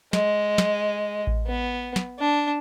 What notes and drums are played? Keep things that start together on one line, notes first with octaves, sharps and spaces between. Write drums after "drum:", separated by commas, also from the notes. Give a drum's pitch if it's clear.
G#3, drum: snare
drum: snare
drum: kick A1
B3
drum: snare
D4